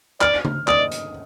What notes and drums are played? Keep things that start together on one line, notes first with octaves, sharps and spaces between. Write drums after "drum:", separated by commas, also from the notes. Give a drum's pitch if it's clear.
D5 F6, drum: clap
drum: tom C#3
D5 D#6, drum: clap
drum: hi-hat